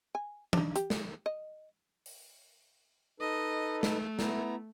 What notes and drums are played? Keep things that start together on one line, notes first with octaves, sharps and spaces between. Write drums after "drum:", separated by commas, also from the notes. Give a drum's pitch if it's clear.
G#5
D4 D#4, drum: tom E3
G4, drum: hi-hat
drum: snare
D#5
drum: open hi-hat
D#4 A4 B4 D#5
A3, drum: snare
B3 E4 A#5, drum: snare